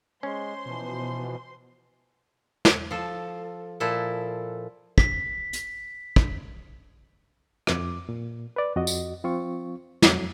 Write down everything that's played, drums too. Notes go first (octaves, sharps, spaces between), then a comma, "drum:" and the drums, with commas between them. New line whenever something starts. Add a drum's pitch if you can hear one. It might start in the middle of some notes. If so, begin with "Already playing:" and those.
G#3 C#4 C5 C6
B2 E3 F3
drum: snare
F3 A4
A#2 F3 E4 A4
B6, drum: kick
drum: hi-hat
drum: kick
F2 D6, drum: rim click
A#2
B4 D5
F2 F#4 D#5
drum: tambourine
F3 C4 F4 C#6
F2 F#3, drum: snare